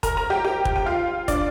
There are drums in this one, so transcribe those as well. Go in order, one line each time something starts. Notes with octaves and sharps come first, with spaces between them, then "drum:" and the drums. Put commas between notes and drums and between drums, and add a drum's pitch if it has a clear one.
A#4 A#5, drum: kick, hi-hat
A#4 A#5
G4 G5
G4 G5
drum: kick
G5
F4 F5
D4 D5, drum: kick, hi-hat